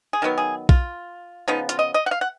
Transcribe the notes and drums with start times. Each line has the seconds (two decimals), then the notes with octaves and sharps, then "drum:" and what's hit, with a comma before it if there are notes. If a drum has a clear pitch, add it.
0.13 G#4
0.22 D#3 F#3 B3 A#4
0.38 G#4
0.69 F4, drum: kick
1.48 C#3 F3 B3 D#4
1.69 F4, drum: hi-hat
1.79 D#5
1.94 D#5
2.06 F#5
2.11 F5
2.21 F#5